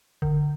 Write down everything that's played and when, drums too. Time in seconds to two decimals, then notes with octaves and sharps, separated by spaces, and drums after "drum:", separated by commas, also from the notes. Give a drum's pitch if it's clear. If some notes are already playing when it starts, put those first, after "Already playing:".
0.22 D3, drum: kick G1